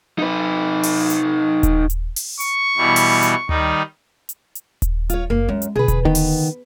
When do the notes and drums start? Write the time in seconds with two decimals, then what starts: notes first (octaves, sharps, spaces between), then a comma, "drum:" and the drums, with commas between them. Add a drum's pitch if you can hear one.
0.19 D#4 B4
0.83 drum: open hi-hat
1.10 drum: hi-hat
1.63 drum: kick D#1, hi-hat
1.90 drum: hi-hat
2.16 drum: open hi-hat
2.40 C#6, drum: hi-hat
2.77 B2 E3 G3
2.96 drum: open hi-hat
3.22 drum: hi-hat
3.49 D#3 G3 D#4, drum: tom D2
4.29 drum: hi-hat
4.55 drum: hi-hat
4.82 drum: kick D#1, hi-hat
5.10 G3 F4 C#5, drum: hi-hat
5.30 F#1 A#3
5.49 F#2 G#3 C#4
5.62 drum: hi-hat
5.76 B2 D3 G#4 B4
5.88 drum: kick D#1, hi-hat
6.05 D3 D#3 B3
6.15 drum: open hi-hat